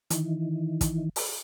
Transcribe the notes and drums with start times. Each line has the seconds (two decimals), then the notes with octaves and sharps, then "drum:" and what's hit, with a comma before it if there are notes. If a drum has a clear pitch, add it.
0.10 D#3 E3, drum: hi-hat
0.81 drum: kick, hi-hat
1.16 drum: open hi-hat